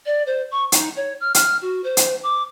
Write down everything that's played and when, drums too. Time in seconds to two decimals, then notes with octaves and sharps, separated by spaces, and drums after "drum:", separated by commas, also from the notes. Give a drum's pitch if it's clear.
0.06 D5
0.26 C5
0.52 C#6
0.72 D#4, drum: hi-hat
0.97 C#5
1.20 F6
1.34 F6, drum: hi-hat
1.62 F#4
1.84 C5
1.97 drum: hi-hat
2.23 D6